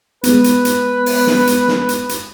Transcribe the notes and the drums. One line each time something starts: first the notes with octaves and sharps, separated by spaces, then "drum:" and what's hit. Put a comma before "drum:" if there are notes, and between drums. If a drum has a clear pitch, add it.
G#3 B3 B4, drum: hi-hat
drum: hi-hat
drum: hi-hat
drum: open hi-hat
drum: snare
drum: hi-hat
drum: snare
drum: hi-hat
drum: hi-hat